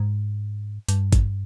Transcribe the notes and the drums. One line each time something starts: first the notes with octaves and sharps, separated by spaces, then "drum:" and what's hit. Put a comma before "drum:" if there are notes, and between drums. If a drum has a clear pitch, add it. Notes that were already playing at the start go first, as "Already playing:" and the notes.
Already playing: G#2
G2, drum: hi-hat
drum: kick G#1, hi-hat